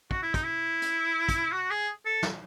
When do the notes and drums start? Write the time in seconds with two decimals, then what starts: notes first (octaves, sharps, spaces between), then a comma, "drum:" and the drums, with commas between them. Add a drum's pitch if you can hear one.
0.11 F#4, drum: kick
0.23 E4
0.34 D#4, drum: kick, hi-hat
0.45 E4
0.82 drum: hi-hat
1.29 drum: kick, hi-hat
1.52 F#4
1.70 G#4
2.05 A4
2.22 drum: snare